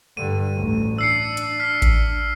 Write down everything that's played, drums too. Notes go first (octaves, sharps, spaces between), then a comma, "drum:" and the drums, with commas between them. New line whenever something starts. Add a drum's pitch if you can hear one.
G2 D3 D#7
A1 D2
D4 E6 C7 C#7
drum: hi-hat
F6 B6
drum: kick A1, hi-hat